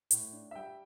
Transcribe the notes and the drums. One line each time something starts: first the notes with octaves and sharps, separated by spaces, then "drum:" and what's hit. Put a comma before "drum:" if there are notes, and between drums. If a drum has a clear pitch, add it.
A2, drum: hi-hat
D4
E5
G3 G5